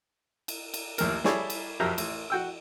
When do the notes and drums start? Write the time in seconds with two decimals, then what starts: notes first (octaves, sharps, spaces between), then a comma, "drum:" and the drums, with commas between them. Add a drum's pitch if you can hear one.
0.48 drum: cymbal
0.74 drum: cymbal
0.98 A1 D#2 A#4, drum: cymbal
1.24 G3 E4 G#4 A4 C#5 D5, drum: snare
1.50 drum: cymbal
1.80 F2 F#3 G4 A#4 E5 A#5
1.98 A1, drum: cymbal
2.30 F#4 G5 E6